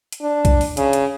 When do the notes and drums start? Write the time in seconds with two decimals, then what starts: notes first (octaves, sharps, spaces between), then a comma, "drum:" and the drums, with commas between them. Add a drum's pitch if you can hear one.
0.12 drum: hi-hat
0.22 D4
0.45 drum: kick, hi-hat
0.61 drum: open hi-hat
0.77 C#3, drum: hi-hat
0.93 drum: hi-hat